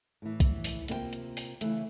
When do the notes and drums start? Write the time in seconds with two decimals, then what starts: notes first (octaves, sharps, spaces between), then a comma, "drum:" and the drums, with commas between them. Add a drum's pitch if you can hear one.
0.22 A2 E3
0.40 drum: kick B1, hi-hat
0.64 drum: open hi-hat
0.88 C3 A#3 F4 C5 C#5 G5, drum: hi-hat
1.13 drum: hi-hat
1.37 drum: open hi-hat
1.61 C#3 E3 A3, drum: hi-hat